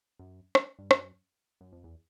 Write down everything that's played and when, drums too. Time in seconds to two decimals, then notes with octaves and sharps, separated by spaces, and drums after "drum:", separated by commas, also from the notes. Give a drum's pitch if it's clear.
0.19 F#2
0.55 drum: rim click
0.79 G2
0.91 F#2, drum: rim click
1.61 F#2
1.73 F2
1.84 E2